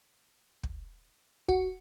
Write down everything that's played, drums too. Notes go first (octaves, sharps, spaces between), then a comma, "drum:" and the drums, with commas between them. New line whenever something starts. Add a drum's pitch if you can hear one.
drum: kick
F#4, drum: kick